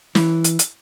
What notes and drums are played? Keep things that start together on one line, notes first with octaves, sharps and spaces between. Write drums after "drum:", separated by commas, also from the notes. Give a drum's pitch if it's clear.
E3, drum: snare
drum: hi-hat
drum: hi-hat